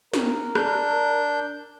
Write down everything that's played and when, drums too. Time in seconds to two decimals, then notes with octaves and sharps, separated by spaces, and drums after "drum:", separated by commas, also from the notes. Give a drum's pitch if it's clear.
0.13 A#4, drum: snare
0.55 D4 G6, drum: rim click